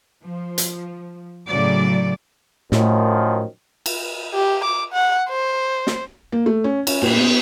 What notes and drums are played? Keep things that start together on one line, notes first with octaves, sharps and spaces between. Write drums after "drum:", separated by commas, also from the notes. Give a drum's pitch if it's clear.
F3
drum: hi-hat
A2 C#3 F#3 D5
F#2 A2 D#3 F3, drum: snare
drum: cymbal
G4
D6
F#5
C5
drum: snare
A#3
A3
C#4
C#4, drum: cymbal
A#2, drum: cymbal
B3